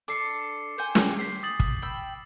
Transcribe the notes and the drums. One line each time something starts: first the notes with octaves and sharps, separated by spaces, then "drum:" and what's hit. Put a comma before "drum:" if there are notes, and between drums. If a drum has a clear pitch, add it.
D4 A4 D6 C7 C#7
C5 G5 G#5
drum: snare
C5 B6 C7
D#6 A6 F#7
drum: kick
G5 B5 E6